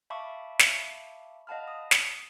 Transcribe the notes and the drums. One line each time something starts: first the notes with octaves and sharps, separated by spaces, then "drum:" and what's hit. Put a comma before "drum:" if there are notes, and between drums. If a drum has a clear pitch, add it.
E5 F5 A5 B5 C#6 D6
drum: snare
D#5 F5 F#5 A5 B5 F6
D#6
drum: snare